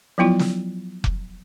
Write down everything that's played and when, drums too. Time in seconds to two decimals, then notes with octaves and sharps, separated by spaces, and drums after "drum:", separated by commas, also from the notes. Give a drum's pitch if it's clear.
0.18 F3 F#3 B3 E4 F4
0.39 drum: snare
1.04 drum: kick F1